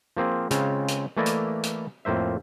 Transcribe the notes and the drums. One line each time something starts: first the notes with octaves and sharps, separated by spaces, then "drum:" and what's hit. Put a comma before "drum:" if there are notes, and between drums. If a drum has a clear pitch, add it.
F3 A#3 C4 G#4
C#3 G#3 C4 F4, drum: hi-hat
drum: hi-hat
E3 A3 A#3 E4 D5 D#5
drum: hi-hat
drum: hi-hat
F2 A2 A#3 C5 E5